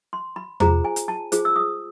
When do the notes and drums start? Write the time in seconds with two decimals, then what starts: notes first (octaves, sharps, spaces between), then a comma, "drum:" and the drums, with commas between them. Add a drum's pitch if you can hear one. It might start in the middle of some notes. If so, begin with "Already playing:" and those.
0.13 C6
0.36 B5
0.60 F4 G#4 C5 A#5, drum: tom E2
0.84 G#5
0.96 drum: hi-hat
1.08 A5
1.32 F4 G#4 C5, drum: hi-hat
1.45 E6
1.56 D#6